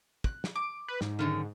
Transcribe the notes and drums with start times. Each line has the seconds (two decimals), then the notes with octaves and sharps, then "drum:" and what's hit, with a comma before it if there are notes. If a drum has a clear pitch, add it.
0.24 F#6, drum: kick
0.44 drum: snare
0.55 D6
0.88 B4
1.01 G#2, drum: snare
1.19 F#2 D3 D#3